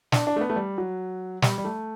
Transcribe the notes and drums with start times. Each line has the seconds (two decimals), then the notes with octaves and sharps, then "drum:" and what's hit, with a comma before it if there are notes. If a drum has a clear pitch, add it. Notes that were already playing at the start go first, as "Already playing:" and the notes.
0.12 D4, drum: snare
0.27 D4
0.36 A3
0.41 B3
0.50 A3
0.56 G3
0.78 F#3
1.42 G3, drum: snare
1.58 G3
1.65 A3